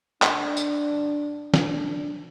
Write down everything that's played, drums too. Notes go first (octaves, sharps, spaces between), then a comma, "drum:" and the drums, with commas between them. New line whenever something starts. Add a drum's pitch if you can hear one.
C#2 C#3 G3 A#3 D4, drum: clap
drum: tambourine
G2 D3 G3
A1 A2 G3 A#3 D4, drum: snare